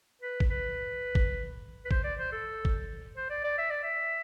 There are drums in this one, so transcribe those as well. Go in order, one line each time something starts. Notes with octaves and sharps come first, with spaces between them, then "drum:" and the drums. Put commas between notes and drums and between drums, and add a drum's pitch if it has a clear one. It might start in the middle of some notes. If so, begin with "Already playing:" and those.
B4
drum: kick
B4
drum: kick
B4
C5, drum: kick
D5
C5
A4
drum: kick
C5
D5
D5
E5
D5
E5